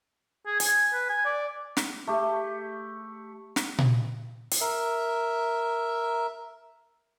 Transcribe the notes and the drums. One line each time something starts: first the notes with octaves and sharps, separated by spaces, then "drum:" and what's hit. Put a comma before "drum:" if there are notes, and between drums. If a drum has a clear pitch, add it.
G#4
G#5, drum: hi-hat
B4
G#5
D5
drum: snare
A3 G4
drum: snare
drum: tom A#2
drum: hi-hat
A#4 E5